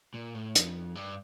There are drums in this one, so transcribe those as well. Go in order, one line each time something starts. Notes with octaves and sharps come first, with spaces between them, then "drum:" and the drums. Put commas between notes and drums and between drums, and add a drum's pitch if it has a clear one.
A#2
A2
F2, drum: hi-hat
G2